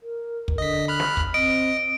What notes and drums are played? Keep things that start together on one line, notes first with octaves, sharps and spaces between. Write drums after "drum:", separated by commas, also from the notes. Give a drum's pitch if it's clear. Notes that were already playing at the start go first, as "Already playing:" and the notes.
A#4
drum: kick
D3 D#5 B6
B5 F6 F#6
drum: snare
drum: kick
C4 D#5 D7